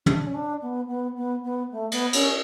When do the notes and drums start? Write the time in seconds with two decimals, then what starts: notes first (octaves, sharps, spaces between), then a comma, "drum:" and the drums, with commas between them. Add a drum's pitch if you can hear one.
0.06 D4, drum: tom
0.26 C#4
0.34 D4
0.61 B3
0.88 B3
1.16 B3
1.43 B3
1.71 A3
1.91 B3, drum: cymbal
2.13 C#4, drum: cymbal